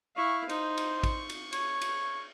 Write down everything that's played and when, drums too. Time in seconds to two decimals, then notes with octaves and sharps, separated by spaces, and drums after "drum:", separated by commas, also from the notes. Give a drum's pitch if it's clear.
0.17 E4 F5 C#6
0.49 D#4 C5, drum: cymbal
0.77 drum: cymbal
1.03 C#6, drum: kick, cymbal
1.29 drum: cymbal
1.52 C#5, drum: cymbal
1.81 drum: cymbal